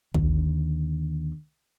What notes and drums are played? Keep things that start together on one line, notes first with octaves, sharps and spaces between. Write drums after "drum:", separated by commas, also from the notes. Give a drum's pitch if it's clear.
D#2 D3, drum: kick